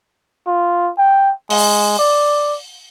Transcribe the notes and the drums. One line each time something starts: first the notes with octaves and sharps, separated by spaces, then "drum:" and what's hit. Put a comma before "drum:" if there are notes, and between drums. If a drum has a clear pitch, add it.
F4
G5
G#3, drum: open hi-hat
D5